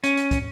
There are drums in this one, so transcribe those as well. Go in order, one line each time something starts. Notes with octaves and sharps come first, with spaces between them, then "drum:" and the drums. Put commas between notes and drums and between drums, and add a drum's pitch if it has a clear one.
C#4, drum: hi-hat
drum: hi-hat
drum: kick, hi-hat